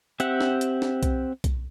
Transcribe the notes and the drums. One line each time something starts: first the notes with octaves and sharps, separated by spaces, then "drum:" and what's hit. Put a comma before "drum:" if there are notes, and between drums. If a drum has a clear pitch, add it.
C4 G4 E5 F#5, drum: hi-hat
drum: snare
drum: hi-hat
drum: snare
drum: kick B1, hi-hat
drum: kick B1, hi-hat